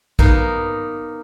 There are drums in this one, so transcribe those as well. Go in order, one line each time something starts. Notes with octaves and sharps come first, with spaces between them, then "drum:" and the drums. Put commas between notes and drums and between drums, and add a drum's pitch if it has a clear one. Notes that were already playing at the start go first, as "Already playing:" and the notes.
A#3 B3 D#4, drum: kick